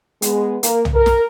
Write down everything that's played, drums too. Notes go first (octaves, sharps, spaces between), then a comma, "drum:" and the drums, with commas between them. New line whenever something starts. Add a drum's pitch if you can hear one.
G#3 B3, drum: hi-hat
A#3 A#4, drum: hi-hat
drum: tom
A#4
drum: snare